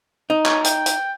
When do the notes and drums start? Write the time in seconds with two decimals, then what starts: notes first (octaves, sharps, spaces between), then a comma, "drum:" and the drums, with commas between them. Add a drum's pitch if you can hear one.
0.30 D#4
0.45 C#5, drum: clap
0.64 G5, drum: hi-hat
0.86 drum: hi-hat